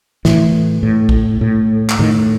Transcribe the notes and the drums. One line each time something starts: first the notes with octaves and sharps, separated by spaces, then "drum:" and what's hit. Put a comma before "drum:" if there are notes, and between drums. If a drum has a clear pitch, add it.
A2 E3, drum: snare
A2
drum: kick
A2
drum: clap
A2 D#3